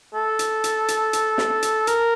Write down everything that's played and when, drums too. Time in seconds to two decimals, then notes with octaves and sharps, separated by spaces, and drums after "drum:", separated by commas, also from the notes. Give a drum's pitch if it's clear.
0.14 A4
0.39 drum: hi-hat
0.64 drum: hi-hat
0.88 drum: hi-hat
1.13 drum: hi-hat
1.38 drum: snare
1.63 drum: hi-hat
1.87 A#4, drum: hi-hat